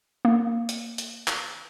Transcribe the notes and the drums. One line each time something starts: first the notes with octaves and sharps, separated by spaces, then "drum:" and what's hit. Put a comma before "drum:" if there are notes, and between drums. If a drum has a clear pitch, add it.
A#3
drum: hi-hat
drum: hi-hat
drum: clap